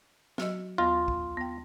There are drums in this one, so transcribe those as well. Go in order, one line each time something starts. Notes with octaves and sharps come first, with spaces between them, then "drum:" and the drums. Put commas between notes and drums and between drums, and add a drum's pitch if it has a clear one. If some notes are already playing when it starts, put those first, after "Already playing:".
F#3 F#4 D#5, drum: snare
D#2 B3 F4
drum: kick
B3 G5